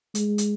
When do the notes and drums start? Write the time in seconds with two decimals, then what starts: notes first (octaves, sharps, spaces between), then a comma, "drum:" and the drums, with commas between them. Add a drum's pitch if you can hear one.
0.15 G#3, drum: hi-hat
0.38 drum: hi-hat